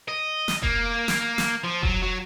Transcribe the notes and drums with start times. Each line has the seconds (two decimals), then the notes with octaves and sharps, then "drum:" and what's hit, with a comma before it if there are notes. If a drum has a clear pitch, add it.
0.09 D#5
0.48 drum: snare
0.63 A#3, drum: kick F1
1.08 drum: snare
1.38 drum: snare
1.64 F3
1.83 F#3, drum: kick F1
2.03 F#3